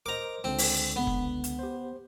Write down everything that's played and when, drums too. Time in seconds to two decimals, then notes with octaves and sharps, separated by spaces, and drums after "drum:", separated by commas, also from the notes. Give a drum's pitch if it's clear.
0.06 A#4 C5 D#5 A#5 D6
0.44 C#2 D3 C4
0.58 drum: open hi-hat
0.96 B3
1.07 drum: kick
1.44 drum: hi-hat
1.59 G4 C5